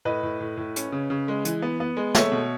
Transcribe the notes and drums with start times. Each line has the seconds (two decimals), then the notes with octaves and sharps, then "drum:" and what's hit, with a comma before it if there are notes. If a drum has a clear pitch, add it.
0.05 A2 B4 D#5
0.23 A2
0.40 A2
0.57 A2
0.76 C#4, drum: hi-hat
0.92 C#3
1.10 C#3
1.28 G#3
1.45 E3, drum: hi-hat
1.62 B3
1.80 B3
1.97 G#3
2.15 A3 C#5 E5, drum: snare
2.32 B2